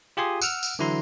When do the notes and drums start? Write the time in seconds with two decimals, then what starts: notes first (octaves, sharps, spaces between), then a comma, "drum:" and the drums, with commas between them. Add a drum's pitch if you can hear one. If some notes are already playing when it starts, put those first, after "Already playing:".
0.17 F4 G4 G#4 G#5 C6 D#6
0.41 F#5 E6 F6, drum: tambourine
0.63 drum: tambourine
0.79 D3 E3 F#3 E4 A#5 C6